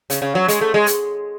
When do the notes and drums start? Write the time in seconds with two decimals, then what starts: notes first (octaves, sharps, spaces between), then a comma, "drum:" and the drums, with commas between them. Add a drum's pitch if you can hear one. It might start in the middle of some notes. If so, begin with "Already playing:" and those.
0.10 C#3, drum: hi-hat
0.22 C#3
0.35 F#3
0.48 G#3, drum: hi-hat
0.61 A3
0.74 G#3
0.86 drum: hi-hat